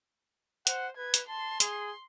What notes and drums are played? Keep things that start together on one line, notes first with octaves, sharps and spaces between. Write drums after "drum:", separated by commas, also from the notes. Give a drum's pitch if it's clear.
C5 F#5, drum: hi-hat
B4 G#6
drum: hi-hat
A5 C6
G#4, drum: hi-hat